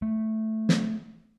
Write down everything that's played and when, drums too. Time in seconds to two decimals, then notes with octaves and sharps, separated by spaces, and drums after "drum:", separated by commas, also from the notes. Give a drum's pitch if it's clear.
0.02 A3
0.69 drum: snare